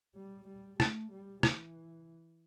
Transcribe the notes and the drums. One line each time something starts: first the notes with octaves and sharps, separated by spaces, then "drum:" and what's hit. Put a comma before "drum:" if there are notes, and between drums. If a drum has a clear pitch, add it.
G3
G3
A3, drum: rim click
G3
E3, drum: rim click